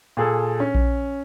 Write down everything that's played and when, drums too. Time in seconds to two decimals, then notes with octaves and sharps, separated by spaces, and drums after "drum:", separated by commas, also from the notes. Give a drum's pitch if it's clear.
0.17 A#2 G#4 A4
0.60 C#4
0.75 drum: kick A#1